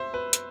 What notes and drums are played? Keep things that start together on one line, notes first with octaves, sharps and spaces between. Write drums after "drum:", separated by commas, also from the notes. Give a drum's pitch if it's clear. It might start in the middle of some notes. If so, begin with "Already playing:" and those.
Already playing: C5 E5
B4
drum: hi-hat